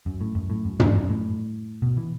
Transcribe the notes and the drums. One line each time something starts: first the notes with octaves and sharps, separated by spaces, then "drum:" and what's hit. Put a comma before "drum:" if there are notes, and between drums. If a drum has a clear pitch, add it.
F#2
A2
F#2
A2
F#2
E2, drum: tom
A2
F#2
A2
B2
E3